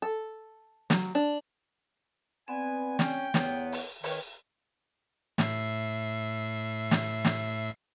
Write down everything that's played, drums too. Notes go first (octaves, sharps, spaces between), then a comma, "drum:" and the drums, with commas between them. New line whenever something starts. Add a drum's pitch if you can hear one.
A4
F#3, drum: snare
D4
B3 C4 D5 G#5
C#4 G5, drum: snare
E2 B3 C#5 F#5, drum: snare
drum: open hi-hat
D#3 B4 C#5 G5, drum: open hi-hat
A2 E5 C7, drum: snare
drum: snare
drum: snare